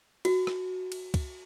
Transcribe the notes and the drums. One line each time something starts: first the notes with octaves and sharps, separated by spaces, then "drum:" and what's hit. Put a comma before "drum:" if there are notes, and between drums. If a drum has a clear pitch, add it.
F#4, drum: cymbal
drum: rim click
drum: cymbal
drum: kick, cymbal